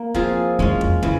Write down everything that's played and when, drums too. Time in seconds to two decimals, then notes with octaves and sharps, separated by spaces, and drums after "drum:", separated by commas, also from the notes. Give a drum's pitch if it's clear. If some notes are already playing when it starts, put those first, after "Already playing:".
Already playing: A#3
0.14 F3 C4 F4 G#4, drum: kick
0.59 E2 G#3 C#4 F4
0.81 drum: kick
1.03 C#3 E3, drum: kick